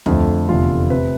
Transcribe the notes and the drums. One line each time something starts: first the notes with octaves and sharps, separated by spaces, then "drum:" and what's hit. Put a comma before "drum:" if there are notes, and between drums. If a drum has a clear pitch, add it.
F2 D3 F3 A3, drum: tom D2
F1 E2 D3 A3 F4
C3 B4